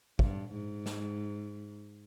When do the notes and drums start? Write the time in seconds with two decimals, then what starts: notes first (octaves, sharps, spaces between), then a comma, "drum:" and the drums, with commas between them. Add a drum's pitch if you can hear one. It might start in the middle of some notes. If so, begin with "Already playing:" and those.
0.19 G2, drum: kick
0.52 G#2
0.86 drum: snare